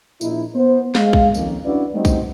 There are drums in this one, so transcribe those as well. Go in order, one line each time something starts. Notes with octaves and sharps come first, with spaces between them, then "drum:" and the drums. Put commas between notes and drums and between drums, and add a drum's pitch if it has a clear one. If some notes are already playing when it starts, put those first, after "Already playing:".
A#1 D#4 E4, drum: tambourine
B3 C5
G#3 F5, drum: snare
drum: kick A#1
F2 D#3 A#3 C#4, drum: tambourine
C#4 D4 E4 F#4 B4 D5
G3 A3 C4 D#4 F#4
drum: kick A#1, tambourine